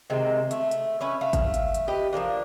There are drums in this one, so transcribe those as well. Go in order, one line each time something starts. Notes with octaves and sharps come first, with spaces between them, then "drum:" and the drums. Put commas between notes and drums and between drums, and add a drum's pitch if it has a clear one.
C3 D#3 G#3 C4
A3, drum: hi-hat
drum: hi-hat
C#4 B4 C#5
A3 F5
drum: kick, hi-hat
drum: hi-hat
drum: hi-hat
G4 B4 D#5
F3 F#3 A#3 D4